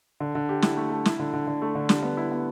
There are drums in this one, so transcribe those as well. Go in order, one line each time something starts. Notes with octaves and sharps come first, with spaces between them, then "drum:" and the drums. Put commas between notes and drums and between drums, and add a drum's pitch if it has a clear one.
D3
D3
G4
E4, drum: snare
A3
A3
E4, drum: snare
D3
D3
D3
A3
D3
G3, drum: snare
B3
E4
B3